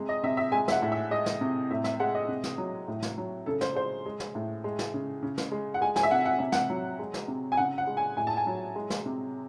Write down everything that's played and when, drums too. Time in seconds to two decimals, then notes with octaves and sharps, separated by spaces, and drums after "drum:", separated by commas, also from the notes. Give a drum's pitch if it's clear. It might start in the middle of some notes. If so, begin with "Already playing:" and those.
Already playing: C3 G#3
0.09 D#5
0.23 C3 E5
0.37 E5
0.52 G#3 G#5
0.68 E5, drum: snare
0.72 F#5
0.82 A2
0.92 E5
1.11 G#3 D#5
1.26 drum: snare
1.41 C3
1.71 A2 E5
1.84 E5, drum: snare
2.00 G#3 F#5
2.15 D#5
2.28 C3
2.44 drum: snare
2.58 F#3
2.88 A2
3.02 drum: snare
3.18 F#3
3.46 C#3 A4
3.61 C5, drum: snare
3.75 G#3 C5
4.06 G#3
4.20 drum: snare
4.35 A2
4.64 G#3
4.79 drum: snare
4.94 C#3
5.23 C#3
5.38 drum: snare
5.52 G#3
5.74 F#5
5.81 G#3 G#5
5.96 G#5, drum: snare
6.03 E5
6.11 C3 F#5
6.25 F#5
6.39 C3 E5
6.52 F#5, drum: snare
6.70 F#3
6.99 G#3
7.14 drum: snare
7.28 C3
7.52 G#5
7.57 C#3 F#5
7.78 F#5
7.87 G#3
7.97 G#5
8.17 A2 G#5
8.27 A5
8.37 G#5
8.47 F#3
8.76 G#3
8.90 drum: snare
9.06 C3